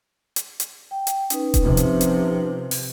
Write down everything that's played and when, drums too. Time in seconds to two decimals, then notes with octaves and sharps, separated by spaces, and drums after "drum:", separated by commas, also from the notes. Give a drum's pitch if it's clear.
0.36 drum: hi-hat
0.60 drum: hi-hat
0.91 G5
1.07 drum: hi-hat
1.30 C#4 D#4 B4, drum: hi-hat
1.54 drum: kick D#1, hi-hat
1.63 C3 F3
1.77 drum: hi-hat
2.01 drum: hi-hat
2.71 drum: open hi-hat